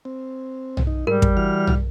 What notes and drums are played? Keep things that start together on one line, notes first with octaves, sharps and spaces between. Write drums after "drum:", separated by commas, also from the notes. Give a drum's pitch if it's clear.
C4
drum: tom
D#4
G#2 G3 A#4
drum: kick
E3 F#4 F6
drum: tom